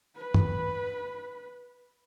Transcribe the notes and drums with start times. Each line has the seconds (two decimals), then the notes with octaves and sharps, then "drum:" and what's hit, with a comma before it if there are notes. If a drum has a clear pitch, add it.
0.17 B4 B5
0.34 drum: tom